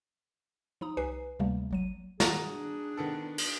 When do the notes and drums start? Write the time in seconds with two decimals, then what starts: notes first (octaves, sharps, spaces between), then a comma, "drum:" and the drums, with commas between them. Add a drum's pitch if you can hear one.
0.81 F3 D#4 A#5 D#6
0.97 C2 G4 B4 G#5 C7
1.39 D2 C3 G3 A3 A#3
1.71 G#1 F#3 D#7
2.20 F#4 G#4 A#5, drum: snare
2.51 D4
2.97 D#3 B3 A4
3.38 drum: cymbal